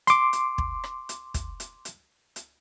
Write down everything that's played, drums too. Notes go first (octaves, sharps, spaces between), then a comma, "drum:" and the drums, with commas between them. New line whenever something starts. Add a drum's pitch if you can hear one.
C6 D6, drum: hi-hat
drum: hi-hat
drum: kick
drum: rim click
drum: hi-hat
drum: kick, hi-hat
drum: hi-hat
drum: hi-hat
drum: hi-hat